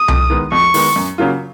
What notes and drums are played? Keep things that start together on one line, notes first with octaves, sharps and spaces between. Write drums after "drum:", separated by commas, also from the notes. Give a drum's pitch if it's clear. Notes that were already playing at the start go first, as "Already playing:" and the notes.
Already playing: D#6
F2, drum: tom C2
D#3 G#3 B3
F2 C#6
D#3 G#3 B3, drum: open hi-hat
F#2
C#3 F#3 A#3 F4